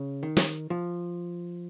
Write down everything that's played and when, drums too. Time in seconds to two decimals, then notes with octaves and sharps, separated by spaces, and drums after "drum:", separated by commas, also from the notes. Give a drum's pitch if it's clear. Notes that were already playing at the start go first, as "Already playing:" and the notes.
Already playing: C#3
0.23 D#3
0.37 drum: snare
0.70 F3